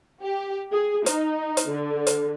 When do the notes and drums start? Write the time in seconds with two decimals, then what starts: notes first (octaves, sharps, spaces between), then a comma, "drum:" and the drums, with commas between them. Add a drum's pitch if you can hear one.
0.22 G4
0.72 G#4
1.06 D#4, drum: hi-hat
1.57 drum: hi-hat
1.70 D3
2.07 drum: hi-hat